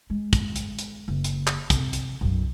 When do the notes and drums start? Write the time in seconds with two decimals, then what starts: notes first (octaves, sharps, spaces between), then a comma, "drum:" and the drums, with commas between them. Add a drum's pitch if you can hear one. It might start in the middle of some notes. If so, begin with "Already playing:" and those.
0.10 G#3
0.33 drum: kick, hi-hat
0.56 drum: hi-hat
0.79 drum: hi-hat
1.08 F#1
1.24 drum: hi-hat
1.47 drum: clap
1.70 C3, drum: kick, hi-hat
1.93 drum: hi-hat
2.21 B1 F#2